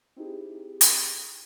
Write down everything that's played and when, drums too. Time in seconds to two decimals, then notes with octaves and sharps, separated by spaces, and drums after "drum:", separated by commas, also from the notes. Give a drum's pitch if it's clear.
0.17 C4 D#4 E4 G4 G#4
0.81 drum: hi-hat